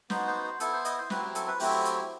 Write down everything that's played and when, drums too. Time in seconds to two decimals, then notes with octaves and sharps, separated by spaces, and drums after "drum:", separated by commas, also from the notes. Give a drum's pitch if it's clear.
0.10 B3 D#4 F#4 C5, drum: snare
0.27 C5
0.44 C5
0.60 B3 E4 A4, drum: hi-hat
0.73 C5
0.85 D#5, drum: hi-hat
0.98 C5
1.10 F#3 C4 E4 B4, drum: snare
1.22 G4
1.35 A4, drum: hi-hat
1.48 B4
1.60 F#3 A3 C4 E4 G4, drum: open hi-hat
1.85 drum: hi-hat